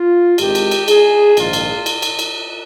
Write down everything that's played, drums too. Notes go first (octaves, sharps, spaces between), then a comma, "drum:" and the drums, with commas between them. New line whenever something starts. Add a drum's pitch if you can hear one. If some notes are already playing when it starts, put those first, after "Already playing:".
Already playing: F4
G#1 G#2 D#3 G4, drum: cymbal
drum: cymbal
drum: cymbal
G#4, drum: cymbal
A#1 G#2 D#3 F4, drum: cymbal
drum: cymbal
drum: cymbal
drum: cymbal
drum: cymbal